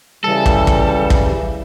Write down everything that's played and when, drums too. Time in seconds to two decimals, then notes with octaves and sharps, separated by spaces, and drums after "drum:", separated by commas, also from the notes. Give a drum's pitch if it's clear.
0.24 C#3 E3 G3 A4
0.46 drum: kick
0.67 drum: kick
1.10 drum: kick